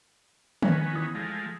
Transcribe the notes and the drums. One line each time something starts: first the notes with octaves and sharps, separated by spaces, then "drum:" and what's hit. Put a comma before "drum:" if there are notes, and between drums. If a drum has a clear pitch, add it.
D#3 B3 C#4 G#5, drum: tom D#3
E3 D#6
F3 G#3 A3 A#6